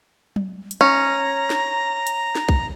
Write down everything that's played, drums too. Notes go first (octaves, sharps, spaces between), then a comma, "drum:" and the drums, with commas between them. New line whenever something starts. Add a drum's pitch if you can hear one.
drum: tom F#3
drum: hi-hat
C#4 A#5
drum: snare
drum: hi-hat
drum: snare
drum: kick B1